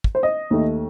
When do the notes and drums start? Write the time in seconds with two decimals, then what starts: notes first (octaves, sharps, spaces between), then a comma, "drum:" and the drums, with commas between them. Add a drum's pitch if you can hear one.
0.04 drum: kick
0.15 C5
0.23 D#5
0.51 D#2 D#3 A3